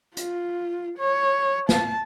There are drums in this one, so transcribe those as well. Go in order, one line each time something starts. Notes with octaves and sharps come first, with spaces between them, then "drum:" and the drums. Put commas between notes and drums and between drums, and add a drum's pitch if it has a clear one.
F4, drum: hi-hat
C#5
A5, drum: snare